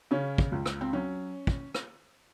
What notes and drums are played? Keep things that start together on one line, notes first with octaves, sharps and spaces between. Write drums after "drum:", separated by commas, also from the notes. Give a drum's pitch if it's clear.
C#3 C#4
drum: kick
C#2
drum: rim click
C4
F#3 C#4
drum: kick
drum: rim click